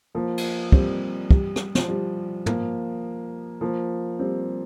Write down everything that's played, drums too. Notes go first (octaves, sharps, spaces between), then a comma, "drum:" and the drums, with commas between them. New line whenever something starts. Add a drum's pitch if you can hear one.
F3 A#3
drum: cymbal
G3 C4, drum: kick
G3, drum: kick
drum: rim click
F3, drum: snare
G3
F3 A#3, drum: tom
F3 A#3
G3 C4